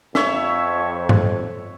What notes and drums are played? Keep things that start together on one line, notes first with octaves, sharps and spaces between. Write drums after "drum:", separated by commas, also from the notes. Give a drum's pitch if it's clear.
F2 C#5 E5, drum: snare
drum: tom G2